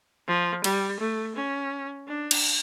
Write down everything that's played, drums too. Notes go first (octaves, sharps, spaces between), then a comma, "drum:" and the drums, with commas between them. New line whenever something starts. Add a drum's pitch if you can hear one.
F3
G3, drum: cymbal
A3
C#4
D4
drum: cymbal